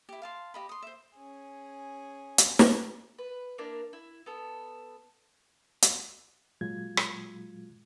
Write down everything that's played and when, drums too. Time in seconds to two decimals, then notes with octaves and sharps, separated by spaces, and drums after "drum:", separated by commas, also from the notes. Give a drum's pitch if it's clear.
0.09 E4 G4
0.22 F5 A5 C6
0.54 G4 D#5 B5
0.69 C6 D#6
0.82 C5 E5
1.16 C#4 G#4
2.38 drum: hi-hat
2.59 drum: snare
3.18 B4
3.58 A#3 D4 E4 A#4
3.93 E4
4.26 B3 A4
5.82 drum: hi-hat
6.61 A#2 F#3 G#3 F4 G#6
6.97 drum: rim click